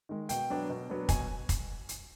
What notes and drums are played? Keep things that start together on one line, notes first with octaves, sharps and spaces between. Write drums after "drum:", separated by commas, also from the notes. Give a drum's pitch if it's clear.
D#3 G#3
B2 G5, drum: hi-hat
F#3 B3 D4
B2
F#3 B3 D4
B2 G#5, drum: kick, hi-hat
drum: kick, hi-hat
drum: hi-hat